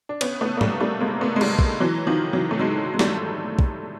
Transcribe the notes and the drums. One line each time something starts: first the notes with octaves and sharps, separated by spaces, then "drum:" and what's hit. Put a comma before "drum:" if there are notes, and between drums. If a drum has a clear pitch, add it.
D4
B3 C#4, drum: cymbal
A3 B3
A#3
G3 A3, drum: tom
G3 A3
G#3 A#3
A3 B3
G#3
G3 A3, drum: cymbal
drum: kick
E3 F#3
D#3 F3
E3 F#3
A3
F#3 G#3
G#3
G3 A3, drum: snare
drum: kick